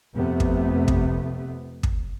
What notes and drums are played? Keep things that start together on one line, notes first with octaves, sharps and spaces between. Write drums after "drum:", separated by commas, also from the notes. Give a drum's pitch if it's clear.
F2 C3 A3 B3
drum: kick
drum: kick
drum: kick